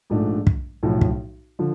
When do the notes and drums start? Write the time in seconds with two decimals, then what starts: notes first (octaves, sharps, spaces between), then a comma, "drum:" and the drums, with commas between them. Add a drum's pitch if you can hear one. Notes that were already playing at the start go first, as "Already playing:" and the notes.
0.10 A#1 G#2 F3 A3 D4
0.47 drum: kick
0.83 B1 A2 F3
1.01 drum: kick
1.59 D3 F3